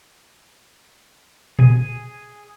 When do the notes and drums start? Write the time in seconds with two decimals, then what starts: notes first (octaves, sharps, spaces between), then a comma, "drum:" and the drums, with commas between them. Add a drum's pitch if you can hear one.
1.59 G#4 G#5, drum: tom A#2